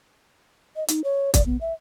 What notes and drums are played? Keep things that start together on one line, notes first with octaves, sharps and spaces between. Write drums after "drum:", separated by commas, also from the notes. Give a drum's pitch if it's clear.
D#5
D#4, drum: hi-hat
C#5
D5, drum: kick, hi-hat
B3
E5